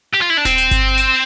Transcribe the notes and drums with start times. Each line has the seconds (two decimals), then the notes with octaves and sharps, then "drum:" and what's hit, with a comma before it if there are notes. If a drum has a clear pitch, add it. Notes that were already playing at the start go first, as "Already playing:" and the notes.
0.13 G4
0.21 F4
0.30 E4
0.37 D4
0.45 C4, drum: snare D#1
0.58 drum: hi-hat
0.71 drum: kick G1, hi-hat
0.98 drum: hi-hat